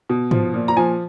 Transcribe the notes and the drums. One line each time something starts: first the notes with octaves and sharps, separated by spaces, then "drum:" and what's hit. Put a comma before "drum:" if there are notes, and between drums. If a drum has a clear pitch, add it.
B2
F3, drum: tom G#2
A#2
A#5
F3 G#5